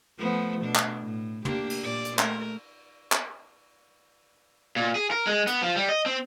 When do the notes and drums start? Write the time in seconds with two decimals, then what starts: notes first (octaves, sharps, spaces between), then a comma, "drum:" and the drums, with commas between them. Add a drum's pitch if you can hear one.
0.19 F3 A3 B3
0.61 B2 D4
0.76 drum: clap
1.02 A2
1.45 A#3 D4 G4, drum: tom
1.70 drum: cymbal
1.84 A#2 D5
2.05 drum: hi-hat
2.19 A3 A#4, drum: clap
3.12 drum: clap
4.76 A#2
4.95 G#4
5.11 A#4
5.27 G#3
5.47 B3, drum: hi-hat
5.62 F3
5.76 G3
5.89 D#5
6.06 C4